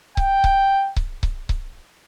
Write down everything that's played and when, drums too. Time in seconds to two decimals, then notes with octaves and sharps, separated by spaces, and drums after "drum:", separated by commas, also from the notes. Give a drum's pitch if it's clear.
0.17 G5, drum: kick C#1
0.44 drum: kick C#1
0.96 drum: kick C#1
1.23 drum: kick C#1
1.49 drum: kick C#1